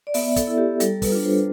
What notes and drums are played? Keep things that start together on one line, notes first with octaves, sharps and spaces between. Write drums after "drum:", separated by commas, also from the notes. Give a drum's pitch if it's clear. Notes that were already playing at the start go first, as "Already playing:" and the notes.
D5
B3 E5, drum: open hi-hat
A4, drum: kick, hi-hat
E4 A4
G4
G3 A4, drum: hi-hat
B4, drum: kick, open hi-hat
D4 F4
C5